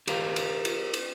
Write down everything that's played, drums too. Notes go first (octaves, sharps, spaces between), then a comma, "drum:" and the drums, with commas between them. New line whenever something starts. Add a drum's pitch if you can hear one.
G4 A#4 C5 F5, drum: cymbal
drum: cymbal
drum: cymbal
drum: cymbal